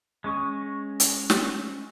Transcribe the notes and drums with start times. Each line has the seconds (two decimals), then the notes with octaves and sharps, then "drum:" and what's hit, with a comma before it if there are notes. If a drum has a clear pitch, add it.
0.24 G#3 C#4 C#6 D#6
1.00 drum: hi-hat
1.30 drum: snare